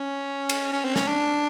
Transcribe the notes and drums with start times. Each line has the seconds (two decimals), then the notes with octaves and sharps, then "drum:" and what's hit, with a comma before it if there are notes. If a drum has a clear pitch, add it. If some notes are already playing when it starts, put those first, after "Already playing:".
Already playing: C#4
0.49 drum: cymbal
0.73 C#4
0.85 C4
0.96 C#4, drum: snare
1.07 D4